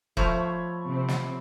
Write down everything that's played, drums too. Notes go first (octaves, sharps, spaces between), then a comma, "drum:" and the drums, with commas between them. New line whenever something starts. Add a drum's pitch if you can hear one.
F3 A3 C#5 B5, drum: kick E1
C3 C4
drum: snare